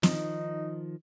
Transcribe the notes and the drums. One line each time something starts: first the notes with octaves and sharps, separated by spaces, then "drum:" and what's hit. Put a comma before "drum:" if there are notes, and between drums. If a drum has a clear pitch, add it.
D#3 F3 D#4, drum: snare